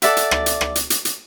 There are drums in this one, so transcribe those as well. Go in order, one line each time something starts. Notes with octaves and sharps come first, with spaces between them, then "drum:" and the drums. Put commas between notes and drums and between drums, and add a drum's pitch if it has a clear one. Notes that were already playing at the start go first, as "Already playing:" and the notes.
A4 D5 E5 F#5, drum: hi-hat
drum: hi-hat
drum: rim click
drum: hi-hat
drum: rim click
drum: hi-hat
drum: hi-hat
drum: hi-hat